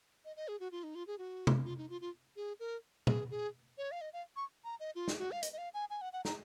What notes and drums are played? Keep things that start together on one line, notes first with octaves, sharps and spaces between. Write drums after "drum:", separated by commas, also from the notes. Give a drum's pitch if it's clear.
D#5
D#5
G#4
F#4
F4
D#4
F4
G#4
F#4
drum: tom C3
F4
D#4
F4
F4
G#4
A#4
G#4, drum: tom
G#4
C#5
F5
D#5
F5
C#6
A#5
D#5
F4
drum: snare
F#4
F5
D#5, drum: hi-hat
D#5
F5
G#5
G#5
F#5
F#5
A#5, drum: snare